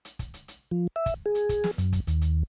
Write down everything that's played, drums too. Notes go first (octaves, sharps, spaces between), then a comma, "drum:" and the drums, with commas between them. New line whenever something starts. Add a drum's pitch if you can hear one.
drum: hi-hat
drum: kick, hi-hat
drum: hi-hat
drum: hi-hat
F3
E5
drum: kick, hi-hat
G#4
drum: hi-hat
drum: kick, hi-hat
drum: snare
F#2, drum: hi-hat
drum: kick, hi-hat
D#2, drum: hi-hat
drum: hi-hat